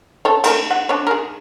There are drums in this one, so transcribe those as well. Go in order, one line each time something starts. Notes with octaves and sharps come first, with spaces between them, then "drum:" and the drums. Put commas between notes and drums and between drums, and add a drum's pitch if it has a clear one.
A4 C#5
A3 A#4, drum: cymbal
F#5
D4 C#5
G#4 A#4